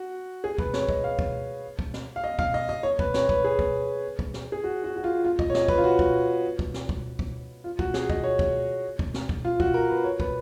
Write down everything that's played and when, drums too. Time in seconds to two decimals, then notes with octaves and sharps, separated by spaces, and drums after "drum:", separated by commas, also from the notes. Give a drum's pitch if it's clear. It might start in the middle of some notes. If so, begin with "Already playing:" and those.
Already playing: F#4
0.44 G#4
0.58 B4, drum: kick
0.74 C#5, drum: snare
0.89 D#5, drum: kick
1.04 F5
1.19 drum: kick
1.79 drum: kick
1.94 drum: snare
2.16 F5
2.24 D#5
2.39 F5, drum: kick
2.54 D#5
2.69 D#5
2.83 C#5
2.99 B4, drum: kick
3.14 C#5, drum: snare
3.29 B4, drum: kick
3.44 G#4
3.59 drum: kick
4.19 drum: kick
4.34 drum: snare
4.52 G#4
4.64 F#4
4.84 F#4
4.96 F#4
5.04 F4
5.24 F4
5.39 D#5, drum: kick
5.50 C#5
5.54 D#5, drum: snare
5.68 B4, drum: kick
5.78 F4
5.84 F#4
5.99 drum: kick
6.59 drum: kick
6.74 drum: snare
6.89 drum: kick
7.19 drum: kick
7.64 F4
7.79 F#4, drum: kick
7.94 G#4, drum: snare
8.10 D#5, drum: kick
8.24 C#5
8.39 drum: kick
8.99 drum: kick
9.14 drum: snare
9.29 drum: kick
9.45 F4
9.60 F#4, drum: kick
9.74 A#4
9.90 B4
10.04 C#5
10.20 B4, drum: kick